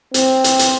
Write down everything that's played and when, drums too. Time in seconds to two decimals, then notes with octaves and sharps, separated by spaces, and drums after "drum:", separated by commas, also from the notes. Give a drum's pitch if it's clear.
0.14 C4, drum: hi-hat
0.44 drum: hi-hat
0.59 drum: hi-hat